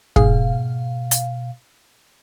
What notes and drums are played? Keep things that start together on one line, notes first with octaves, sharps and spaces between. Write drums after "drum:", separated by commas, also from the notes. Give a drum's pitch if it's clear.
G#2 B2 G#4 F5, drum: kick
drum: hi-hat